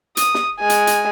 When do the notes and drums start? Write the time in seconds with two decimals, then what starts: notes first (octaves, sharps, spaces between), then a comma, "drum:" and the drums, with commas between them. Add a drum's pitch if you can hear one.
0.17 D#6, drum: hi-hat
0.34 drum: snare
0.60 G#3 G#5
0.70 drum: hi-hat
0.87 drum: hi-hat